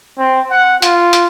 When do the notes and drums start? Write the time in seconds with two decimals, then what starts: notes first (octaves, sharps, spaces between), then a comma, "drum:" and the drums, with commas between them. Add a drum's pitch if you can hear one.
0.18 C4
0.50 F#5
0.82 F4, drum: hi-hat
1.13 drum: hi-hat